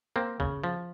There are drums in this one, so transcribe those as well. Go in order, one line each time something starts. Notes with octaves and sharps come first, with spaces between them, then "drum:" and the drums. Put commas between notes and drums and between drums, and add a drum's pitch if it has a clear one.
A#3 C4
C#3, drum: kick
F3